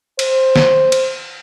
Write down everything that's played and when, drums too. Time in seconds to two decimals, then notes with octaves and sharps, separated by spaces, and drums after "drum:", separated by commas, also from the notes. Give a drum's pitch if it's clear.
0.19 C5, drum: cymbal
0.56 drum: snare
0.92 drum: cymbal